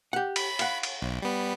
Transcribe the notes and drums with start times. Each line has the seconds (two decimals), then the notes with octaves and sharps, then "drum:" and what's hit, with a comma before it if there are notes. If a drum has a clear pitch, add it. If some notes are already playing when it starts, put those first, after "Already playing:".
0.13 G4 F#5
0.36 B5, drum: cymbal
0.59 F5 F#5, drum: cymbal
0.83 drum: cymbal
1.02 B1
1.22 G3 B3